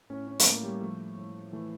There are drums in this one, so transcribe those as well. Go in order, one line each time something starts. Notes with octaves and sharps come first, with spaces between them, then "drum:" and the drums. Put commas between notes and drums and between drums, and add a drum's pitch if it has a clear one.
A2 C#4
C#4
A3, drum: hi-hat
A2 A#3
G3
F3 A3
A2
E3 A3